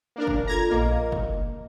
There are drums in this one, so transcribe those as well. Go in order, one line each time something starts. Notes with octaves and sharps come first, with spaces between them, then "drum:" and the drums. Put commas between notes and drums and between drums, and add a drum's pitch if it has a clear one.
A#3 D4 A#4
drum: kick F#1
F4 A4 A#5 G#6
A#1 A#3 A#4 D#5
drum: kick F#1